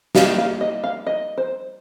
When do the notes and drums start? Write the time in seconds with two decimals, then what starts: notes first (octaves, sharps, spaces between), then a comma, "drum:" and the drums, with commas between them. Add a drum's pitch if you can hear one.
0.15 G3 A#3 D#4 F5, drum: snare
0.38 F5
0.61 D#5
0.84 F5
1.07 D#5
1.38 C5